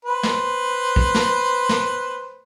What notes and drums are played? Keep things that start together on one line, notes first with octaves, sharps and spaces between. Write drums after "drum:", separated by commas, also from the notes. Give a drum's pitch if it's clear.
B4 C5
drum: snare
drum: kick
drum: snare
drum: snare